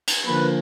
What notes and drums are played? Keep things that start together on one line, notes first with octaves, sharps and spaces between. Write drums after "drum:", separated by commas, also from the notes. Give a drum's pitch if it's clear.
drum: cymbal
D3 F3 A#3 B4